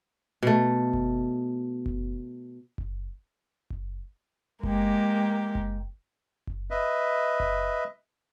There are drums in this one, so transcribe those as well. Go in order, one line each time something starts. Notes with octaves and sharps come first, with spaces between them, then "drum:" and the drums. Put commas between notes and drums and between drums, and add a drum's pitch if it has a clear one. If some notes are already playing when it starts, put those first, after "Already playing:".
B2 A3
drum: kick F#1
drum: kick F#1
drum: kick F#1
drum: kick F#1
G#3 A#3 G4, drum: kick F#1
drum: kick F#1
drum: kick F#1
B4 D#5 E5
drum: kick F#1